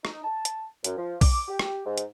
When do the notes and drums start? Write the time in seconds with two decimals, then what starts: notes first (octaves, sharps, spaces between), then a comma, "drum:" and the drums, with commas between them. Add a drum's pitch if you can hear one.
0.05 D#4, drum: rim click
0.24 A5
0.45 drum: hi-hat
0.84 F#2, drum: hi-hat
0.98 F3
1.21 D6, drum: kick B1, open hi-hat
1.48 G4
1.59 drum: rim click
1.86 G#2
1.98 drum: hi-hat